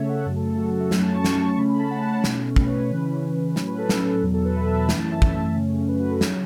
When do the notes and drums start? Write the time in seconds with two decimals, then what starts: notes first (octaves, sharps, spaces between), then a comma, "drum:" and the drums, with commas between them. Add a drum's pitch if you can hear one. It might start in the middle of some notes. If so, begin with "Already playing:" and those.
Already playing: C#3 A3 C#4 A4 C#5 E5
0.09 F#5
0.26 F#2 C#3 F#3 A3 A5
0.36 A4
0.47 A4
0.58 F#4
0.70 A4
0.80 E5
0.91 F#2 F#3 A3 C#4 E5, drum: snare
1.03 A5
1.14 C#6
1.24 drum: snare
1.57 C#3 A3 C#4 B5
1.69 B5
1.79 A5
1.91 F#5
2.02 A5
2.13 C#5
2.24 B2 A3 C#4, drum: snare
2.56 B4, drum: kick
2.68 C#5
2.79 B4
2.90 C#3 E3 C#4
3.56 A2 F#3 C#4 B4, drum: snare
3.67 B4
3.78 A4
3.89 drum: snare
4.22 E2 B2 F#3
4.34 A4
4.45 B4
4.56 E5
4.66 A5
4.78 B5
4.89 F#2 E3 A3 C#4 B5, drum: snare
4.99 A5
5.11 E5
5.22 drum: kick
5.55 F#2 C#3 A3 C#4
5.88 B4
5.99 F#4
6.10 A4
6.21 C#3 F#3 C#4, drum: snare